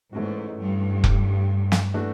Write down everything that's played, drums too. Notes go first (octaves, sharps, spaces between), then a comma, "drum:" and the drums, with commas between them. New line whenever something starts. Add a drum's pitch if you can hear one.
G#2 E3 A3 C#4 F#4
G2
drum: kick F1
drum: snare
E3 A3 D4 F#4